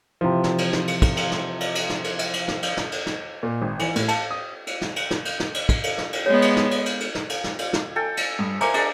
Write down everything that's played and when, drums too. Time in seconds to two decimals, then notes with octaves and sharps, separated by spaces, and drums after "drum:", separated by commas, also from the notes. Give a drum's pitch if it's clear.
0.21 C3 E3 F3
0.44 drum: snare
0.58 drum: cymbal
0.73 drum: snare
0.87 drum: cymbal
1.02 drum: kick, cymbal
1.17 drum: cymbal
1.31 drum: snare
1.60 drum: cymbal
1.75 drum: cymbal
1.90 drum: snare
2.04 drum: cymbal
2.19 drum: cymbal
2.33 drum: cymbal
2.48 drum: snare
2.63 drum: cymbal
2.77 drum: snare
2.92 drum: cymbal
3.06 drum: snare
3.43 A#2
3.62 G#1
3.79 E3, drum: cymbal
3.96 A2, drum: cymbal
4.08 A5, drum: cymbal
4.31 D#6
4.67 drum: cymbal
4.81 drum: snare
4.96 drum: cymbal
5.11 drum: snare
5.25 drum: cymbal
5.40 drum: snare
5.54 drum: cymbal
5.69 drum: kick, cymbal
5.84 drum: cymbal
5.98 drum: snare
6.13 drum: cymbal
6.26 G#3 B3 C#5
6.42 drum: cymbal
6.56 drum: snare
6.71 drum: cymbal
6.86 drum: cymbal
7.00 drum: cymbal
7.15 drum: snare
7.29 drum: cymbal
7.44 drum: snare
7.59 drum: cymbal
7.73 drum: snare
7.96 A4 G5 G#5
8.17 drum: cymbal
8.39 G2 D#6
8.61 A#4 C5 E5 G#5 A#5 D6, drum: cymbal
8.74 D4 G#4 D5, drum: cymbal